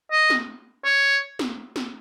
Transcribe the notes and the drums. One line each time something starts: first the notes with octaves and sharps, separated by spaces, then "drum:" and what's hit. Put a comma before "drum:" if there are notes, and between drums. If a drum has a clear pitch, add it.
D#5
drum: snare
C#5
drum: snare
drum: snare